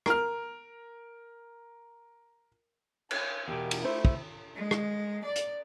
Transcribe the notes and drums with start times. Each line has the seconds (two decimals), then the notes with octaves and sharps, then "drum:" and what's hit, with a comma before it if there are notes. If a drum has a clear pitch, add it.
0.06 A#4 F6, drum: rim click
3.11 C#5, drum: cymbal
3.48 E2 B2 G4 A#4
3.71 drum: cymbal
3.85 A3 E4 C5
4.05 drum: kick
4.55 G#3
4.71 drum: rim click
5.24 D5
5.36 drum: hi-hat